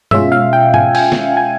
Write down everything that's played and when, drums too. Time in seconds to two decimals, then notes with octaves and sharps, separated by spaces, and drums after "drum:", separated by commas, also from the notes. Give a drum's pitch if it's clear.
0.11 B2 G#3 C#4 F4 E5, drum: tom G2
0.32 F5
0.53 G5
0.74 G#5, drum: tom
0.95 G#5, drum: cymbal
1.12 drum: snare
1.37 G#5